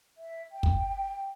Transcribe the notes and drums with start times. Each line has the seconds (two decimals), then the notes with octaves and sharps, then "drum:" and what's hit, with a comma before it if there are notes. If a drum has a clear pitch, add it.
0.18 E5
0.52 G5
0.63 drum: kick